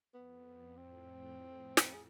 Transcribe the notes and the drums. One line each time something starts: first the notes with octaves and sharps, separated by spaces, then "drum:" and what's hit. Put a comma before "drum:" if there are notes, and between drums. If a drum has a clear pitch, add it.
F2 B3
A2 C4
drum: snare
G#4